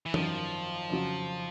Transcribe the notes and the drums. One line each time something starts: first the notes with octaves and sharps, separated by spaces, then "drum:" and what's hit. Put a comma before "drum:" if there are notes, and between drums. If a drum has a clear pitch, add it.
E3
G#1 F#2 D#3 F3, drum: tom E3
F2 C#3 F#3